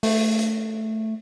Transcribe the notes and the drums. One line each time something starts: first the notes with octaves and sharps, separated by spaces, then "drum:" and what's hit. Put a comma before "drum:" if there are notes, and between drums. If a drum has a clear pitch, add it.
A3, drum: open hi-hat
drum: hi-hat